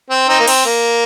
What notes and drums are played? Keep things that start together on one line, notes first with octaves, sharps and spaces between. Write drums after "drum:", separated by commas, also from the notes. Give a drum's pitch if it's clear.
C4
C4 D#4
A#3
C4, drum: cymbal
A#3